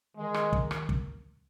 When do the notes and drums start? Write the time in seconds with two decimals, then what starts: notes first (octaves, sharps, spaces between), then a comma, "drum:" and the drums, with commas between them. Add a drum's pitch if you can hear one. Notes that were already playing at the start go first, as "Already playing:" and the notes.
0.16 D#3 G#3
0.34 drum: rim click
0.53 drum: kick
0.71 drum: rim click
0.89 drum: kick